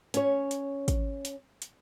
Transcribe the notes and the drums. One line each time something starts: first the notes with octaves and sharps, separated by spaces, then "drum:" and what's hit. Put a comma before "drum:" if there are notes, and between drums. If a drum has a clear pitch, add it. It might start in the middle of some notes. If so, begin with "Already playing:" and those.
C#4 C#5, drum: hi-hat
drum: hi-hat
drum: kick, hi-hat
drum: hi-hat
drum: hi-hat